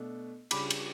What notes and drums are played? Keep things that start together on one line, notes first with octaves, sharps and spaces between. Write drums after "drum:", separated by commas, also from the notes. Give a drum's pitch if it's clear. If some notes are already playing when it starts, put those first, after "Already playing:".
Already playing: B2 A3 D4
C#3 G3 D4 B5 D6, drum: cymbal
drum: cymbal